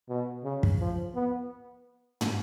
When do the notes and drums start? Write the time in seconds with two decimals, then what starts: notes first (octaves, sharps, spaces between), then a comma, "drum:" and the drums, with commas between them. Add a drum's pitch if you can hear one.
0.09 B2
0.44 C#3
0.63 drum: kick
0.80 F3
1.15 B3
2.21 drum: tom